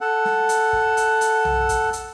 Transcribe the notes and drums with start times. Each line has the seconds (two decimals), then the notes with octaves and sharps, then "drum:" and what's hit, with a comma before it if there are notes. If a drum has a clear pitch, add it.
0.01 A4 F#5
0.25 drum: snare
0.49 drum: hi-hat
0.73 drum: kick
0.97 drum: hi-hat
1.21 drum: hi-hat
1.45 drum: tom B1
1.69 drum: kick, hi-hat
1.93 drum: hi-hat